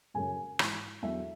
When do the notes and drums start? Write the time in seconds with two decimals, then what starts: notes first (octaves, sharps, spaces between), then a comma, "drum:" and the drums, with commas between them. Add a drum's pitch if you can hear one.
0.14 F#2 C#3 F#3 G#5
0.59 G#2 E3, drum: rim click
1.02 E2 D3 F#3 E5